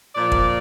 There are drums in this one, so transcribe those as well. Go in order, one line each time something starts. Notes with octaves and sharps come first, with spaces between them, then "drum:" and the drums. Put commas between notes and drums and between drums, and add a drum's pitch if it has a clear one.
A#2 F3 D5
drum: kick